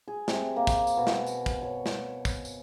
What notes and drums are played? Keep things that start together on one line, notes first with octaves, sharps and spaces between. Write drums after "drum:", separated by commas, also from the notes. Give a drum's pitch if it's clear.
G#4
C3, drum: snare
A#3
drum: kick, tambourine
drum: tambourine
B2
drum: snare
drum: tambourine
drum: kick, tambourine
C#5
drum: snare
drum: kick, tambourine
drum: tambourine